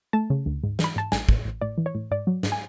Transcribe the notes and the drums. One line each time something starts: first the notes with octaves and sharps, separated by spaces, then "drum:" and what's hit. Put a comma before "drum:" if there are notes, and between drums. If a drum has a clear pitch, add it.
A3 A5
C#3
D2
G#2
E3, drum: snare
B5
G#2 A5
A1 G#5, drum: snare
A2, drum: kick
A1
A2 D5
E3
C#5
A2
G#2 D5
F#3
G#2, drum: snare
G#5